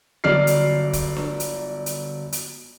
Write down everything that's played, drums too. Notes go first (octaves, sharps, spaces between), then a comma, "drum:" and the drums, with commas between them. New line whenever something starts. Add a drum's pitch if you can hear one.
G1 F#3 D5 F6 C7
drum: hi-hat
drum: kick, hi-hat
drum: snare D4
drum: hi-hat
drum: hi-hat
drum: hi-hat